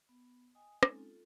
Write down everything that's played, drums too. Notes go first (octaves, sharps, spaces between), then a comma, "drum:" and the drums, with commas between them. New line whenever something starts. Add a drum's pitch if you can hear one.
B3
D#5 G5 G#5 D#6
G#3 A#3 C4 C#4 D#4 A4, drum: rim click
F4 A4